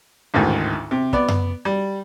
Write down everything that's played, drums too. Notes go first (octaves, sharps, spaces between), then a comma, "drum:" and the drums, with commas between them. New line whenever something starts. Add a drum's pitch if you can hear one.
A1 D2 G#2 D#3
C3
B3 D5, drum: kick
drum: tom F#2
G3